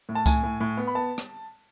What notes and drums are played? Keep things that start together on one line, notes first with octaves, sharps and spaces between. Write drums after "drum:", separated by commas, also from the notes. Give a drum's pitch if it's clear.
A2
A5
A2 G#5, drum: kick C#2, tambourine
A2
A2
B3
B5
B3 A5
drum: rim click